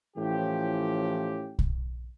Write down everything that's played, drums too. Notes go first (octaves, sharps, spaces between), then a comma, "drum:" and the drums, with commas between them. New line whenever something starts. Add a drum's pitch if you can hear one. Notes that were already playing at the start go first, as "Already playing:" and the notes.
A2 E3 F3 C#4 G4
drum: kick